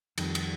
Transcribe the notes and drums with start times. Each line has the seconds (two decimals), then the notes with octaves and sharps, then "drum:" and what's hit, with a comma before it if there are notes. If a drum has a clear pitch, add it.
0.18 F2 D#3 G3, drum: cymbal
0.35 drum: cymbal